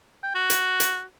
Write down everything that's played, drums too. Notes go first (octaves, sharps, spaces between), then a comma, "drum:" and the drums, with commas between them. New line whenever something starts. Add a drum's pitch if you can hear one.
G5
F#4
drum: hi-hat
drum: hi-hat